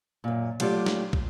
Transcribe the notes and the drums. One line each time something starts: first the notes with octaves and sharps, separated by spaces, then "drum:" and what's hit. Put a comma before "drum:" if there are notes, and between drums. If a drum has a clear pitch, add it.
F#2 A#2
F#3 A3 F4 G4 D5, drum: cymbal
drum: snare
drum: kick